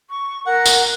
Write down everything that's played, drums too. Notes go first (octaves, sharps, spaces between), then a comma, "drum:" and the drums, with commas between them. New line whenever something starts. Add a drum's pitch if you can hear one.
C#6
A#4 F#5
drum: tambourine